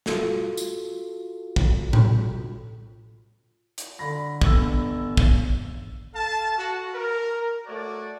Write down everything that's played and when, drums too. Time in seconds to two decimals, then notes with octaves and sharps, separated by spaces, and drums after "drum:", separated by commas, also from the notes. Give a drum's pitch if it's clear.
0.06 F4 F#4 A4, drum: snare
0.57 drum: tambourine
1.56 drum: kick
1.93 drum: tom A2
3.78 drum: hi-hat
3.99 D3 B5 A#6
4.42 G1 E6, drum: kick
5.17 drum: kick
6.15 A4 F5 A5
6.57 F#4
6.93 A#4
7.66 A3 F#4 C#5 D5